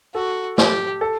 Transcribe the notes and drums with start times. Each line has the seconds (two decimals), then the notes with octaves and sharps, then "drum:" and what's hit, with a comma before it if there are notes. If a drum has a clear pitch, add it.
0.15 F#4 A4
0.58 G4, drum: snare
1.01 A4